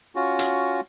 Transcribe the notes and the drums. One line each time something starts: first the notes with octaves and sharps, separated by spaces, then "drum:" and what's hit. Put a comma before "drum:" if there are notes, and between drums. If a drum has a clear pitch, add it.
C#4 F4 F#4
drum: hi-hat